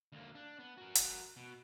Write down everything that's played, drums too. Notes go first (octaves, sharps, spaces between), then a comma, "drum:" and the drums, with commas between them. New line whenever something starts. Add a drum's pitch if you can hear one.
D2 A#3
D4
B3
F#4 A#4
drum: hi-hat
B2